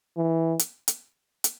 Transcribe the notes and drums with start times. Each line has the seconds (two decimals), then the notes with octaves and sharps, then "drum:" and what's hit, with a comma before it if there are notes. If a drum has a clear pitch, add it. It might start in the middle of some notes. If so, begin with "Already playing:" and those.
0.17 E3
0.59 drum: hi-hat
0.88 drum: hi-hat
1.44 drum: hi-hat